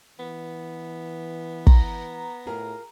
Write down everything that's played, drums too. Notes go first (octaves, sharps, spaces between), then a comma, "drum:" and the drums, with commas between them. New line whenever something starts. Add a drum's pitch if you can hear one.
E3 B3
A#5, drum: kick
A2 F4 G#4 A#4